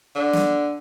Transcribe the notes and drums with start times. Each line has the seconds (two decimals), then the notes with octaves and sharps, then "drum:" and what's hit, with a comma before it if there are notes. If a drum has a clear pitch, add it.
0.16 D3
0.33 drum: snare